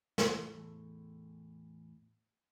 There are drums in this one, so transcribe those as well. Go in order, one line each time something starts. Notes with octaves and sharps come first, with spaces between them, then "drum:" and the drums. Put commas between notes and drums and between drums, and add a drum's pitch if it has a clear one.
E2 A2 A4 C6, drum: snare